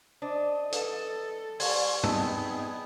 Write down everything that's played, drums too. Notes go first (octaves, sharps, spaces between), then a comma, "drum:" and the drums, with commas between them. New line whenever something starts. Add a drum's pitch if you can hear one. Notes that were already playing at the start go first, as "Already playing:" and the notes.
D4 C5 D#5
A4 B4 E7, drum: hi-hat
G3 C5 G#5 C#6 G#6, drum: open hi-hat
B3 C4 D#4 G#4 D#5 A5 E6, drum: tom